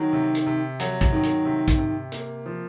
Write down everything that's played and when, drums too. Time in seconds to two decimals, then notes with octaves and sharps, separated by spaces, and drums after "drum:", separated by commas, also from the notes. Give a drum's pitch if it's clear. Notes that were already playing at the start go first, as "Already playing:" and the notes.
Already playing: D#3 F#3
0.13 C3
0.35 drum: hi-hat
0.46 C3
0.80 F#3, drum: hi-hat
1.01 drum: kick
1.12 D#3
1.23 drum: hi-hat
1.45 C3
1.68 drum: kick, hi-hat
1.78 C3
2.12 A#3, drum: hi-hat
2.46 F3